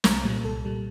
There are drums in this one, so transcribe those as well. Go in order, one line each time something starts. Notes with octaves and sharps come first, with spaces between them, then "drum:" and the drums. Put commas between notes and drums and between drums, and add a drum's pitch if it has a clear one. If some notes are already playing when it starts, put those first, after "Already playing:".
C2 A#4, drum: snare
A#2 G3
C2 A4
A#2 G3